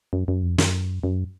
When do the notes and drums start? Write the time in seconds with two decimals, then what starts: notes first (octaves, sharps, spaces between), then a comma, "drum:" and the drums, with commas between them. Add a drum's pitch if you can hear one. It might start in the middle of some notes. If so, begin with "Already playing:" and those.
0.13 F#2
0.28 F#2
0.43 F2
0.58 F#2, drum: snare
1.04 F#2